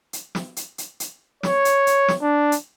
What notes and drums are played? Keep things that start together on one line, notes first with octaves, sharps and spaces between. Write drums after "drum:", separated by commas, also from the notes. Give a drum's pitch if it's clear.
drum: hi-hat
drum: snare
drum: hi-hat
drum: hi-hat
drum: hi-hat
C#5, drum: snare
drum: hi-hat
drum: hi-hat
drum: snare
D4
drum: hi-hat